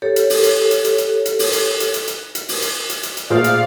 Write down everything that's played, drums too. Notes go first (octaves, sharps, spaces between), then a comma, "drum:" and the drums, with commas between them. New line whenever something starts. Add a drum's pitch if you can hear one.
G4 A4 C#5
drum: hi-hat
drum: open hi-hat
drum: hi-hat
drum: hi-hat
drum: hi-hat
drum: hi-hat
drum: hi-hat
drum: open hi-hat
drum: hi-hat
drum: hi-hat
drum: hi-hat
drum: hi-hat
drum: hi-hat
drum: open hi-hat
drum: hi-hat
drum: hi-hat
drum: hi-hat
drum: hi-hat
A#2 A3 G#4 C5 D5 F5 F6
drum: hi-hat